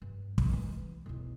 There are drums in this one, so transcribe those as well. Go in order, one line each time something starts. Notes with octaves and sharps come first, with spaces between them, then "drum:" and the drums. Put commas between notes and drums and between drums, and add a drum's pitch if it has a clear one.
G2
D#2 C4, drum: kick
E3 G#3
E3
B1 E2